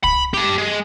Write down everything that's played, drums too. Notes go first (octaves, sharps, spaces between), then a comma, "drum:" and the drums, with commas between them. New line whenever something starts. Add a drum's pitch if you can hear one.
B5, drum: kick
G4 A5
G#3